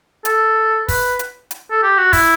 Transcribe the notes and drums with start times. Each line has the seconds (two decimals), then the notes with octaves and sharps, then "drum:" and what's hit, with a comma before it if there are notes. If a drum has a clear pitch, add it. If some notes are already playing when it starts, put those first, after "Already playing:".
0.25 A4, drum: hi-hat
0.88 B4, drum: kick, open hi-hat
1.19 drum: hi-hat
1.51 drum: hi-hat
1.71 A4
1.83 G4
1.98 F#4
2.13 E4, drum: kick, open hi-hat